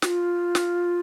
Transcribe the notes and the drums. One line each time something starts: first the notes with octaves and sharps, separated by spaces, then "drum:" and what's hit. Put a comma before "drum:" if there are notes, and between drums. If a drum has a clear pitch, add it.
F#4, drum: snare
F4
drum: snare